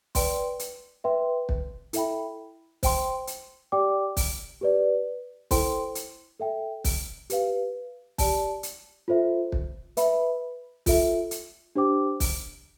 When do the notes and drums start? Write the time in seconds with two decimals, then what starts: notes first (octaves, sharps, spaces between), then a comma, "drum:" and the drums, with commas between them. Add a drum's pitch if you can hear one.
0.15 B4 D5 G5 C6, drum: kick, open hi-hat
0.59 drum: hi-hat
1.04 B4 E5 G5 C6
1.49 drum: kick
1.93 E4 A4 E5 G5 B5, drum: hi-hat
2.83 C5 G5 C6, drum: kick, open hi-hat
3.27 drum: hi-hat
3.72 G4 D5 G5 D6
4.17 drum: kick, open hi-hat
4.61 G4 B4 D5
5.51 E4 A4 C5 G5 C6, drum: kick, open hi-hat
5.95 drum: hi-hat
6.40 A4 E5 G5
6.84 drum: kick, open hi-hat
7.30 G4 B4 F5, drum: hi-hat
8.18 G4 D5 A5, drum: kick, open hi-hat
8.63 drum: hi-hat
9.08 F4 A4 C5 E5
9.52 drum: kick
9.97 B4 E5 B5, drum: hi-hat
10.86 F4 A4 E5, drum: kick, open hi-hat
11.31 drum: hi-hat
11.75 D4 G4 C5 G5 D6
12.20 drum: kick, open hi-hat